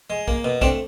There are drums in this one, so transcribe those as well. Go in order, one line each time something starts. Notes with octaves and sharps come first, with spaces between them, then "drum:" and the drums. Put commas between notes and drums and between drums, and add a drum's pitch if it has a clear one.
G#3
A#3, drum: kick
B2
A3 C4 D4, drum: kick